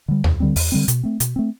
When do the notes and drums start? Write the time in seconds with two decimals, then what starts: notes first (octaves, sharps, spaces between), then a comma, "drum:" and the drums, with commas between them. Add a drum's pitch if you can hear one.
0.08 D3 G3
0.24 E2, drum: tom
0.40 D3 G3 C4
0.56 E2, drum: open hi-hat
0.72 D3 G3 C4
0.88 B2, drum: hi-hat
1.03 A3 C4
1.20 B2, drum: hi-hat
1.36 A3 C4